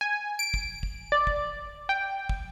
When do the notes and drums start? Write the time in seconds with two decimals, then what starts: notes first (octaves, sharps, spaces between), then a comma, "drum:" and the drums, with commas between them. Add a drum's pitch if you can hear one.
0.01 G#5
0.39 D7
0.54 drum: kick
0.83 drum: kick
1.12 D5
1.27 drum: kick
1.89 G5
2.29 drum: kick